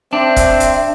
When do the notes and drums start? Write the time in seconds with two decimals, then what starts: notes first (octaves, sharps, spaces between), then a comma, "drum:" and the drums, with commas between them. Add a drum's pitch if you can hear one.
0.13 C4 D4 E5
0.36 drum: kick, hi-hat
0.60 drum: hi-hat